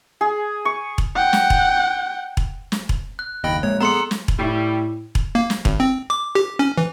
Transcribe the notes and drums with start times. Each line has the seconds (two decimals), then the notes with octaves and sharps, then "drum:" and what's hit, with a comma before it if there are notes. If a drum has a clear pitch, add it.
0.21 G#4
0.65 C#6
0.98 drum: kick E1
1.15 F#5 G5
1.33 drum: snare
1.50 drum: kick E1
2.37 drum: kick E1
2.72 drum: snare
2.89 drum: kick E1
3.19 F#6
3.44 F#1 D#2 D#5 G5 B5
3.63 A#1 G#3 A#3 C#5
3.81 B3 G#4 A4 A#5 C6 C#7
4.11 drum: snare
4.28 drum: kick E1
4.39 A2 G3 E4
5.15 drum: kick E1
5.35 A#3
5.50 drum: snare
5.65 G#1, drum: kick E1
5.80 C4
6.10 D6
6.35 G4
6.59 C#4
6.78 E3